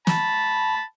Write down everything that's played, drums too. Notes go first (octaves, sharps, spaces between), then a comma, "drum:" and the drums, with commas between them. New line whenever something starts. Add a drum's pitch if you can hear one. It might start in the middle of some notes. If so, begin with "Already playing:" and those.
A5 B5, drum: snare